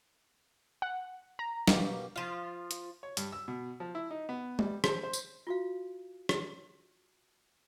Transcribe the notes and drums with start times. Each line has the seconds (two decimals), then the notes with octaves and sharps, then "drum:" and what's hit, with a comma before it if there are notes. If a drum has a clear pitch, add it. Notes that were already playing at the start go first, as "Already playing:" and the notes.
0.82 F#5
1.39 A#5
1.68 B2 A#3 G4, drum: snare
2.16 F3 F4 F5
2.71 drum: hi-hat
3.03 C#5
3.17 G2, drum: hi-hat
3.32 E6
3.48 B2
3.80 F3
3.95 E4
4.11 D#4
4.29 B3
4.59 G3, drum: tom G#3
4.84 C5, drum: rim click
5.03 C5
5.13 drum: tambourine
5.47 F4 F#4 F5
6.29 drum: rim click